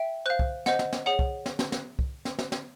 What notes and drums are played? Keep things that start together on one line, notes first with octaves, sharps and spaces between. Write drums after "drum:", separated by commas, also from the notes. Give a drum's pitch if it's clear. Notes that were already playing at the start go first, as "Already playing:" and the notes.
Already playing: E5 G5
C5 F5 F#6
drum: kick
C5 D#5 F#5, drum: snare
drum: snare
drum: snare
G#4 C#5 F#5
drum: kick
drum: snare
drum: snare
drum: snare
drum: kick
drum: snare
drum: snare
drum: snare